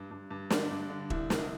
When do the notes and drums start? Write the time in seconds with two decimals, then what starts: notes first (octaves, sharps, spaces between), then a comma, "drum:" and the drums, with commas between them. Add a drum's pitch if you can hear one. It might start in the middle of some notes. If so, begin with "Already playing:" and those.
Already playing: G2
0.11 G2
0.31 G2
0.50 D3 D4, drum: snare
0.71 G2
0.90 D3
1.10 C2 E4, drum: kick E1
1.30 C2, drum: snare